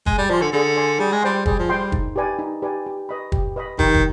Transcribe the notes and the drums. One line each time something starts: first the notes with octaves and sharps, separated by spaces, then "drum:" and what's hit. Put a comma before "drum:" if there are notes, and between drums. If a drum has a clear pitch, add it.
G#3 G#4, drum: kick
G3
F3 D5 G#5 C6
D3
D3 G#4
D5 G#5 C6
G3 G#4
G#3
G3 C5 G5 C6
G3 G#4, drum: kick
F3
G3 C5 G5 C6
D#4, drum: kick
G4 B4 D5 G#5
D#4
G4 B4 D5 G#5
G4
B4 D#5 B5
G4, drum: kick
B4 D#5 B5
D#3 G4, drum: kick
drum: kick